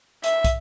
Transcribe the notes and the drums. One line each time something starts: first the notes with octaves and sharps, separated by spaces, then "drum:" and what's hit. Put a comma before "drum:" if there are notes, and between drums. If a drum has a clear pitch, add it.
E5, drum: hi-hat
drum: kick, hi-hat